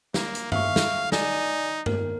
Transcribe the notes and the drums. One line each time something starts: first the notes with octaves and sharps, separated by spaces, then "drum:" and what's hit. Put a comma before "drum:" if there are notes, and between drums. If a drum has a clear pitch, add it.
A#3, drum: snare
drum: hi-hat
E5 F5 C#6, drum: tom G2
drum: snare
D#4 D5 G#5, drum: snare
A#4, drum: tom G2